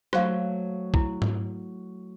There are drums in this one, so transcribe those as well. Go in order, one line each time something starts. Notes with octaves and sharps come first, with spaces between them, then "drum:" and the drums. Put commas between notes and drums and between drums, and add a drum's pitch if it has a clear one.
F#3 A3 C5 F5, drum: rim click
E4, drum: kick
drum: tom G#2